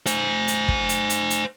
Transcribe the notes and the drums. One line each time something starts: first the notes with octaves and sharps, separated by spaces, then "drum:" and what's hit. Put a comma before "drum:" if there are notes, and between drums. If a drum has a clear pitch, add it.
C5 G#5, drum: hi-hat
drum: hi-hat
drum: kick
drum: hi-hat
drum: hi-hat
drum: hi-hat